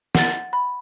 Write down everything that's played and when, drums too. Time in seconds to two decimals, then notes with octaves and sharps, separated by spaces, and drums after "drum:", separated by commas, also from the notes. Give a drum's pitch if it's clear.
0.15 F#5 A6, drum: snare
0.53 B5